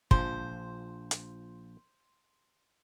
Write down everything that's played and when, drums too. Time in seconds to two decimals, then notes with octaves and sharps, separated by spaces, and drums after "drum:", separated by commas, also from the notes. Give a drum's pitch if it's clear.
0.11 A#1 F3 C5 C6, drum: kick
1.11 drum: hi-hat